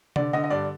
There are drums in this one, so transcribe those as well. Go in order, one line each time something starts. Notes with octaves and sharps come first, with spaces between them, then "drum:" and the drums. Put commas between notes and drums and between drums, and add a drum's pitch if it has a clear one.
D3 D5, drum: tom C3
D3 D#5
D#5
G2 D5